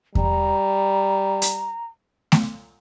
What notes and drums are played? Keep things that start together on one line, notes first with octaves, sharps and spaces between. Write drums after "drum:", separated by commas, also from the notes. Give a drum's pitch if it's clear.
G3 A#5, drum: kick E2
drum: hi-hat
drum: snare A3